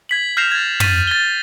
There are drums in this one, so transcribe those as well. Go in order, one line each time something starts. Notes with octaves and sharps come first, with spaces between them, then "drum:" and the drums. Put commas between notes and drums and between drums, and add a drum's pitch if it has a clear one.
G#6 B6 F#7
F6 G6 A#6 C7 E7 F7
G#6 A6
A6 B6 D#7, drum: tom
A6 G7